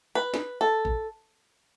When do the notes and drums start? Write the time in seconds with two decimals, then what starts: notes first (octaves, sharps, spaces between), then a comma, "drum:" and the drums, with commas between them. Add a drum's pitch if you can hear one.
0.15 B4
0.34 drum: snare
0.61 A4
0.85 drum: kick G#1